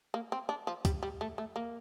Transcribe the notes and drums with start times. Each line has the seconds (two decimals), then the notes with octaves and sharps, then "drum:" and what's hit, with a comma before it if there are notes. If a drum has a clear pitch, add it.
0.14 A#3
0.32 C4
0.49 D4
0.67 F3
0.85 G3, drum: kick, hi-hat
1.03 G3
1.21 A3
1.38 A3
1.56 A#3